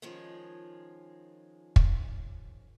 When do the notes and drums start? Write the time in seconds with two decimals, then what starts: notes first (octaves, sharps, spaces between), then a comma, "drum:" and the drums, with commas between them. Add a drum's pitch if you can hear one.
0.02 D#3 F3 G#3 C#4 F4
1.76 drum: kick